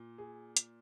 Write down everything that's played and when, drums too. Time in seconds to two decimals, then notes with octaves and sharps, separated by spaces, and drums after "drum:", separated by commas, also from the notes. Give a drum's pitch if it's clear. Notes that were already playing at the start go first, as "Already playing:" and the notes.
Already playing: A#2
0.18 G#4
0.57 drum: hi-hat